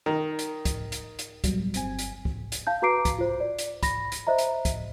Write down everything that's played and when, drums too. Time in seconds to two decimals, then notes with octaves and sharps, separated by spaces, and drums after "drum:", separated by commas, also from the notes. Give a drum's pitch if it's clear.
0.06 D#3
0.39 drum: hi-hat
0.65 drum: kick, hi-hat
0.92 drum: hi-hat
1.19 drum: hi-hat
1.44 B2 F#3 G3, drum: kick, hi-hat
1.74 G1 C4 G#5, drum: hi-hat
1.99 drum: hi-hat
2.25 drum: kick
2.52 drum: hi-hat
2.67 F5 A5 G6
2.82 F#4 B4 A#5 D6 C7 D7
3.05 drum: kick, hi-hat
3.19 F4 C5
3.40 D5
3.59 drum: hi-hat
3.83 B5 A#6, drum: kick, hi-hat
4.12 drum: hi-hat
4.27 C5 D#5 E5 A#5
4.38 drum: hi-hat
4.65 drum: kick, hi-hat